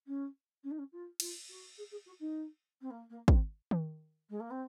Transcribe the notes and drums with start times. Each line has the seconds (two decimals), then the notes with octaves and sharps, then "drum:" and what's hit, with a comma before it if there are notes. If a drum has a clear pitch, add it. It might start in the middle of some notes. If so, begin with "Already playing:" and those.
0.06 C#4
0.63 C#4
0.70 D#4
0.78 C#4
0.92 F4
1.20 F4, drum: cymbal
1.49 F#4
1.77 G#4
1.91 G#4
2.05 F#4
2.20 D#4
2.81 C4
2.90 A#3
3.09 A#3
3.28 C4, drum: kick
3.71 drum: tom D#3
4.29 G#3
4.39 A#3
4.50 C4